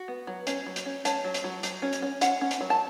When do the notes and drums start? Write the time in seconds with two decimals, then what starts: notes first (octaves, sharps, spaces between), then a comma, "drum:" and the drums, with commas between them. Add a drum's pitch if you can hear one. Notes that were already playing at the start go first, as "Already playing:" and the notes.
Already playing: F#4
0.08 B3
0.27 F#3
0.47 C#4, drum: hi-hat
0.66 F#3
0.76 drum: hi-hat
0.86 C#4
1.05 C#4 A5, drum: hi-hat
1.24 F#3
1.34 drum: hi-hat
1.44 F#3
1.63 F#3, drum: hi-hat
1.82 C#4
1.93 drum: hi-hat
2.02 C#4
2.21 C#4 F#5, drum: hi-hat
2.41 C#4
2.51 drum: hi-hat
2.61 F#3
2.70 A5